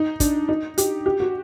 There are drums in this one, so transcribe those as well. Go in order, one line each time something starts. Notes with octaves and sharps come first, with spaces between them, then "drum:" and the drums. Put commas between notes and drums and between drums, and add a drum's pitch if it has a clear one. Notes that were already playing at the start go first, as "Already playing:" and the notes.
Already playing: D#4
D4, drum: kick, hi-hat
D#4
G4, drum: hi-hat
G4
F#4